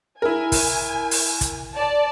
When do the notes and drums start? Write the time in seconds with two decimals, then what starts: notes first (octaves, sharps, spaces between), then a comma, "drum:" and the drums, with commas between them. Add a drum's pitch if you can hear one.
0.22 E4 A#4 G#5
0.52 drum: kick, open hi-hat
1.11 drum: open hi-hat
1.41 drum: kick, hi-hat
1.76 D5 A5